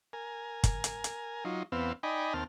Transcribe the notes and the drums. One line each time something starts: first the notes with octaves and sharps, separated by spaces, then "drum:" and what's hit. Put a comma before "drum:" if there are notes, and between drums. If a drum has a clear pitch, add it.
A#4 G#5
drum: kick, hi-hat
drum: hi-hat
drum: hi-hat
F#3 D#4 F4
E2 B3 C4 F5 E6
D#4 D5 D#5 G5 G#5 B5
D#2 C4 A5 F6